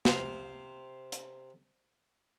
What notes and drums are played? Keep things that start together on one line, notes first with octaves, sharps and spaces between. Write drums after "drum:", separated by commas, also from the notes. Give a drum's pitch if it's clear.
C3 C5 F5, drum: snare
drum: hi-hat